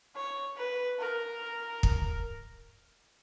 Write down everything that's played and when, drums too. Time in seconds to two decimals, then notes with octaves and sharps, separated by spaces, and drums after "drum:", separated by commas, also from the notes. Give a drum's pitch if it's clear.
0.16 C#5
0.57 B4
0.99 A#4
1.83 drum: kick